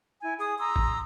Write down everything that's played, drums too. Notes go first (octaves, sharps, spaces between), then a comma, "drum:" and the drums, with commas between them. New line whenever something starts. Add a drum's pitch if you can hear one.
E4 G#5
G#4 G#5 D#6
A#5 C6 D#6 E6
drum: kick G#1